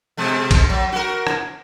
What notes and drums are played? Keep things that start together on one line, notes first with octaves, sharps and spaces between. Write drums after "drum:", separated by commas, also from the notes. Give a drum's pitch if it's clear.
B2 G#3 A3
drum: kick A#1, cymbal
F#3
F#4 A#4
drum: rim click